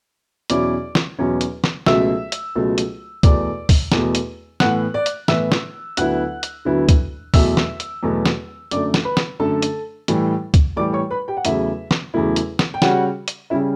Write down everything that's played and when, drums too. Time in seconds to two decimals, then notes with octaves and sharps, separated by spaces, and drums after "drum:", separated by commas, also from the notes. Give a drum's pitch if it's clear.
0.50 E2 B2 F#3 C#4 E4 D5 D6, drum: hi-hat
0.95 drum: snare
1.19 E2 B2 F#3 C#4 E4
1.41 drum: hi-hat
1.64 drum: snare
1.86 C#2 B2 F#3 A3 E5 E6, drum: snare
2.32 drum: hi-hat
2.55 C#2 B2 F#3 A3
2.78 drum: hi-hat
3.23 E2 B2 A3 D5 D6, drum: kick C#2, hi-hat
3.69 drum: kick C#2, open hi-hat
3.92 E2 B2 A3, drum: snare
4.15 drum: hi-hat
4.60 A2 E3 B3 F#5 F#6, drum: snare
4.94 D5 D6
5.06 drum: hi-hat
5.28 A2 E3 B3 E5 E6, drum: snare
5.52 drum: snare
5.97 D2 D3 F#3 B3 E4 F#5 F#6, drum: hi-hat
6.43 drum: hi-hat
6.65 D2 D3 F#3 B3 E4
6.89 drum: kick C#2, hi-hat
7.34 E2 B2 F#3 A3 E5 E6, drum: kick C#2, open hi-hat
7.57 drum: snare
7.80 drum: hi-hat
8.03 E2 B2 F#3 A3
8.26 drum: snare
8.71 F#2 D3 A3 D5 D6, drum: hi-hat
8.94 drum: snare
9.05 B4 B5
9.17 drum: snare
9.40 F#2 D3 A3 A4 A5
9.62 drum: hi-hat
10.08 A2 E3 G3, drum: hi-hat
10.54 drum: kick C#2, hi-hat
10.76 A2 E3 G3 D5 D6
10.93 C#5 C#6
11.11 B4 B5
11.28 G4 G5
11.37 F#5
11.45 E2 C#3 F#3 A3 E4 E5, drum: hi-hat
11.91 drum: snare
12.14 E2 C#3 F#3 A3 E4
12.36 drum: hi-hat
12.59 drum: snare
12.74 G5
12.82 C#3 G3 C#4 F#4 F#5, drum: snare
13.28 drum: hi-hat
13.50 C#3 G3 C#4 E4 E5